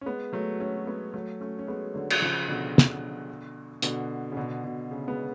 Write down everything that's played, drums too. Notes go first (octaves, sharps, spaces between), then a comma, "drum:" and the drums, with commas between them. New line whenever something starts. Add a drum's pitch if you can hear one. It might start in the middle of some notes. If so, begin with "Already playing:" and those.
C#4
G#3 B3
F#3 A3
A3 C#4
G#3 B3
F#3 A3
A3 C#4
C#4
G#3 B3
D3 F#3
drum: cymbal
C#3 F3
B2 D3
drum: snare
B2 D3, drum: hi-hat
C#3
B2 D3
B2
C#3
G#3 B3